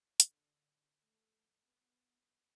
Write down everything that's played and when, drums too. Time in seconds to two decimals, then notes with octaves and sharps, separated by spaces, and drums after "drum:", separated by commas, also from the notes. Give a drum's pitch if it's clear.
0.20 D3, drum: hi-hat
1.02 A3
1.65 B3